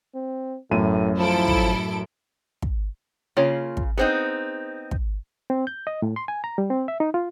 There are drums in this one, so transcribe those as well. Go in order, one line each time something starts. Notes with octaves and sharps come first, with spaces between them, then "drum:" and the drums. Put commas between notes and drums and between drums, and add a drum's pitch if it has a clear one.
C4
A1 F#2 A2 D#7
F3 E4 A4 D7
drum: kick
drum: kick
C#3 A#3 F4 C#5
drum: kick
B3 C4 D#4 G#4 C5
drum: kick
C4
G6
D#5
A2
C6
G#5
A#5
G3
C4
E5
D#4
F4